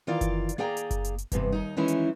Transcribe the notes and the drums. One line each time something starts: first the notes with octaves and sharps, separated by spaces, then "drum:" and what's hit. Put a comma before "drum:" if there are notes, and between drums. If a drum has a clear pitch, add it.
D#3 E3 F4 D5 F5
drum: kick F#1, hi-hat
drum: hi-hat
A#3 G#4 D5 G5 A#5
drum: hi-hat
drum: kick F#1, hi-hat
drum: hi-hat
drum: hi-hat
E2 G2 C3, drum: kick F#1, hi-hat
D#2 D#4
D#3 E3 G#3 C#4 D#4 E4
drum: hi-hat